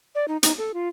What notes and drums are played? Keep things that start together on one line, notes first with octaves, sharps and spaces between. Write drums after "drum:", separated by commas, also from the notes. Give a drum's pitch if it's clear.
D5
D#4
D#4, drum: hi-hat
A4
F4